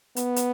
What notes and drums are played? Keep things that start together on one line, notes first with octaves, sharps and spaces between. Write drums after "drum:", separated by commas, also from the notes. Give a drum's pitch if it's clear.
B3, drum: hi-hat
drum: hi-hat